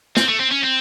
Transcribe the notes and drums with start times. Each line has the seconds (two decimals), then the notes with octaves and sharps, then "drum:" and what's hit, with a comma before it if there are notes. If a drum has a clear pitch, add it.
0.17 C4, drum: snare
0.29 A3
0.40 C4
0.52 C#4
0.65 C4